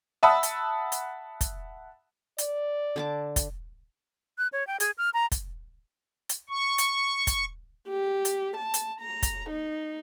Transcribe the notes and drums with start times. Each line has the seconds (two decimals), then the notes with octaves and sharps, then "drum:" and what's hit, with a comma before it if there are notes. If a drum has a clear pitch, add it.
0.23 E5 F#5 A5 B5 D#6 E6
0.43 drum: hi-hat
0.92 drum: hi-hat
1.41 drum: kick, hi-hat
2.38 D5, drum: hi-hat
2.96 D3 A5 D6
3.36 drum: kick, hi-hat
4.38 F#6
4.53 C#5
4.67 G5
4.80 G#4, drum: hi-hat
4.98 F6
5.14 A#5
5.32 drum: kick, hi-hat
6.29 drum: hi-hat
6.49 C#6
6.78 drum: hi-hat
7.27 drum: kick, hi-hat
7.89 G4
8.25 drum: hi-hat
8.57 A5
8.74 drum: hi-hat
9.01 A#5
9.23 drum: kick, hi-hat
9.50 D#4